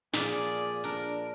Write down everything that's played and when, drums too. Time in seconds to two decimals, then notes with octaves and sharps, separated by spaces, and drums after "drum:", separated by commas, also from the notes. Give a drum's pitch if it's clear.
0.14 A#2 F3 G#4 D5, drum: snare
0.84 D4 A#4, drum: hi-hat